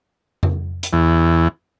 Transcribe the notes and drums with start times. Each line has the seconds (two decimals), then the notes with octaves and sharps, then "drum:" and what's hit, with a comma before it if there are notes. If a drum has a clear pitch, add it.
0.43 drum: tom F2
0.83 drum: hi-hat
0.93 E2